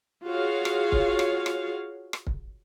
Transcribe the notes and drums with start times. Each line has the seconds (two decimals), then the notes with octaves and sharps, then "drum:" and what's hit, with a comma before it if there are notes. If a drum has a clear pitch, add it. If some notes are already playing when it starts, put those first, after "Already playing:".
0.25 F4 F#4 G#4 C#5 F5
0.65 drum: rim click
0.92 drum: kick
1.19 drum: rim click
1.46 drum: rim click
2.13 drum: rim click
2.27 drum: kick